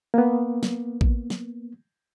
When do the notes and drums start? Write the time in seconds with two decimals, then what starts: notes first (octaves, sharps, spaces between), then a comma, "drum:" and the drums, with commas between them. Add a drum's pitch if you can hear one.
0.14 A#3 B3
0.63 drum: snare
1.01 drum: kick
1.30 drum: snare